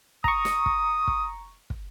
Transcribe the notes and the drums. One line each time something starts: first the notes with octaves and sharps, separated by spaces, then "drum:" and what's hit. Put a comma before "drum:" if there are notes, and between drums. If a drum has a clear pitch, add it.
A#5 C#6 D#6, drum: kick
drum: snare
drum: kick
drum: kick
drum: kick